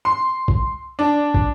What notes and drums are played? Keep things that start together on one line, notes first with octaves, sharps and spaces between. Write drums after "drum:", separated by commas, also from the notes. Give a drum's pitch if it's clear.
C6
drum: kick
D4
drum: kick